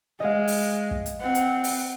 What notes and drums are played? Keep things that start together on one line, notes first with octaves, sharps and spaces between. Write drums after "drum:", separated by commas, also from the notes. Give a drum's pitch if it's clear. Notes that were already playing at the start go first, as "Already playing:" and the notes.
G#3 D#5 F5
drum: open hi-hat
drum: kick
drum: hi-hat
C4 F#5
drum: hi-hat
drum: open hi-hat